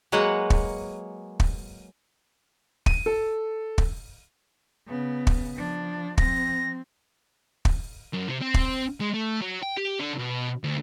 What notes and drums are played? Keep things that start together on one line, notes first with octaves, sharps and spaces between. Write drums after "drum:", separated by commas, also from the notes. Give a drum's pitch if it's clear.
F#3 G#3 A#3 F#4 B4 F#5
drum: kick
drum: kick
D#7, drum: kick
A4
drum: kick
C#3 B3
drum: kick
F3 D4
F3 C4 A#6, drum: kick
drum: kick
F#2
C3
C4
drum: kick
G#3
A3
F#3
G5
G4
D3
B2
D2